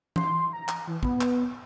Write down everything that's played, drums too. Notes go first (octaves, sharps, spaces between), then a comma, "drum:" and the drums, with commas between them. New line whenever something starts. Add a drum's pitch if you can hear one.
C6, drum: tom E3
A#5
drum: clap
E3
B3, drum: kick
drum: clap